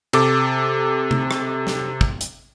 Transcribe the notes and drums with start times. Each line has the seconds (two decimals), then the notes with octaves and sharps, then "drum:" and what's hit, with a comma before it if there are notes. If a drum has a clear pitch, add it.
0.13 C3 A4 D6, drum: cymbal
1.11 drum: tom
1.31 drum: rim click
1.67 drum: snare
2.01 drum: kick
2.21 drum: hi-hat